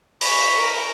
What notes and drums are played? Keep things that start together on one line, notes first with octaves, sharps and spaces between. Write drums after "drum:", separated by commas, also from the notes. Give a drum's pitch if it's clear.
B5 C#6, drum: open hi-hat
A#4